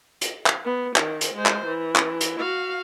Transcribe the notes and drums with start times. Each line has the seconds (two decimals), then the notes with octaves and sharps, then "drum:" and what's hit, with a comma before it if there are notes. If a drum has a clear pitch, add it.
0.21 drum: hi-hat
0.46 drum: clap
0.65 B3
0.96 D#3, drum: clap
1.21 drum: hi-hat
1.35 G#3 C5
1.46 drum: clap
1.66 E3
1.96 drum: clap
2.21 drum: hi-hat
2.38 F#4 F5